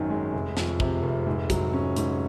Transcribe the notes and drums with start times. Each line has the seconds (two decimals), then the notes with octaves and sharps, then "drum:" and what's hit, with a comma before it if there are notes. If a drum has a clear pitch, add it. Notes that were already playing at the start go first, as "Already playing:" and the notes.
Already playing: G#1 F#2 D#3
0.10 G#3
0.33 F1
0.57 F2, drum: snare
0.80 C3, drum: kick
1.03 F1
1.26 G#2
1.50 F#3, drum: kick, hi-hat
1.74 C#4
1.96 G#2, drum: hi-hat